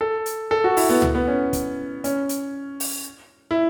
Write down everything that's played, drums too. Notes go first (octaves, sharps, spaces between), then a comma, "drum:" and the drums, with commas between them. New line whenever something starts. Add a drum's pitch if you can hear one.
A4
drum: hi-hat
A4
F#4
E4, drum: open hi-hat
B3
B3, drum: tom C#2
B3
C#4
drum: kick, hi-hat
C#4, drum: hi-hat
drum: hi-hat
drum: open hi-hat
E4